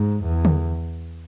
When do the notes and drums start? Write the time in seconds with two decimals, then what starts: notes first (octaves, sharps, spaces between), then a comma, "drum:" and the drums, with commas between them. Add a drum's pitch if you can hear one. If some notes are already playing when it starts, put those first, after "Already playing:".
Already playing: G#2
0.24 E2
0.45 drum: tom D3